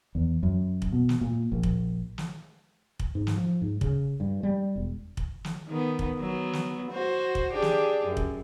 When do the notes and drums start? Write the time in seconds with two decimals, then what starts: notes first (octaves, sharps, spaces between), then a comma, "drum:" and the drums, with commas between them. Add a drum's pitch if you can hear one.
0.15 E2
0.43 F#2
0.82 drum: kick
0.92 B2
1.09 drum: snare
1.21 A#2
1.52 A#1
1.63 drum: kick
2.18 drum: snare
2.99 drum: kick
3.15 G#2
3.27 drum: snare
3.36 F3
3.62 G#2
3.81 C#3, drum: kick
4.20 G2
4.43 G3
4.76 E1
5.17 drum: kick
5.44 drum: snare
5.67 D#3 B3
5.99 drum: kick
6.19 F#3 B3
6.53 drum: snare
6.91 F#4 C5
7.35 drum: kick
7.52 D4 G4 G#4
7.62 drum: snare
8.06 F#2
8.17 drum: kick